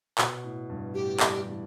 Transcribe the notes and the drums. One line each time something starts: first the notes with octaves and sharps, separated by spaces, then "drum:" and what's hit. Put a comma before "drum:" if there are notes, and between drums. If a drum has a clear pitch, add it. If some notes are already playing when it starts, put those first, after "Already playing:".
B2, drum: clap
A2
G2
A2 G4
G3, drum: clap
E3